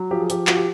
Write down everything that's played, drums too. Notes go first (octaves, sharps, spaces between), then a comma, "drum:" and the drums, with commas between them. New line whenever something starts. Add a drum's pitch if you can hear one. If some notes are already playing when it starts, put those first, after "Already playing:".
Already playing: F#3
F3 G4
G#4
F3 G4, drum: hi-hat
F3 F#4, drum: clap
G4